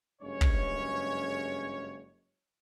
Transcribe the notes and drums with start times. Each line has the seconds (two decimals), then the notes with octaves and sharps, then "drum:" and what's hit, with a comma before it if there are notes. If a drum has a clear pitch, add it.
0.21 F#1 G2 G#3 C#4 C#5
0.41 drum: kick